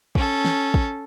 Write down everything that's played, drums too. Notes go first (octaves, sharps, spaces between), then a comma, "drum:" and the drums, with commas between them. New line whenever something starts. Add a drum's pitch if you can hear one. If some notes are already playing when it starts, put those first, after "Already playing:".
C#4 A4, drum: kick
drum: snare
drum: kick